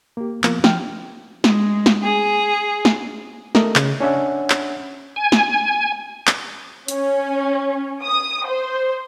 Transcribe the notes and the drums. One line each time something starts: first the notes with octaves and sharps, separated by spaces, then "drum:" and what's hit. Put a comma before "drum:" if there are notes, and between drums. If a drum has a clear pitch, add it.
A#3 G4
F3 A#3 B3 F4, drum: clap
F3 G5 F6, drum: snare
G#3, drum: snare
drum: snare
G#4
drum: snare
A3 A#4 D#5, drum: snare
C#3, drum: clap
C#4 D4 C#5 E5 F#5
drum: clap
G#5
drum: snare
drum: clap
C#4, drum: hi-hat
D#6
C5